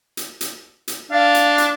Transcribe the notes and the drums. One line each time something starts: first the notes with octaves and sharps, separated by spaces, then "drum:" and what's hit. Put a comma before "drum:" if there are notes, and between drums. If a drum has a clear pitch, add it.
drum: hi-hat
drum: hi-hat
drum: hi-hat
D4 F5
drum: hi-hat
drum: hi-hat